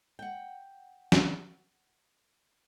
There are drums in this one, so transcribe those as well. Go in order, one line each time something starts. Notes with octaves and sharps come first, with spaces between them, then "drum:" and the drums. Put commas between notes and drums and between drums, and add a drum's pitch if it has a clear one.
F#5 G5
drum: snare